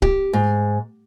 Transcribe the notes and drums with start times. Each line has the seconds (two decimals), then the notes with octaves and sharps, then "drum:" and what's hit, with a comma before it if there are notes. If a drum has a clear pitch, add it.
0.02 G4, drum: kick C#1
0.33 G#2